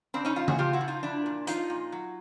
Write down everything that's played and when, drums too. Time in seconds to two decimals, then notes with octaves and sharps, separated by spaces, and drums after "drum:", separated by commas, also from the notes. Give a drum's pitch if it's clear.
0.14 C#3 C4 D4
0.25 C#4 D#4
0.36 F3 D#4 F4
0.48 F#4 G#4, drum: tom C#3
0.59 F3 F4 G4
0.73 E4 F#4
0.81 F3
0.88 D#4 F4
1.03 F3 D4 E4
1.26 A#2
1.47 F3 D#4 F4, drum: hi-hat
1.70 A#2
1.92 F#3